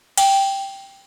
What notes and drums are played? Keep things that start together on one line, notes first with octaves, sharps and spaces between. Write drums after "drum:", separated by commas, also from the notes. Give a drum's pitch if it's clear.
G5, drum: cymbal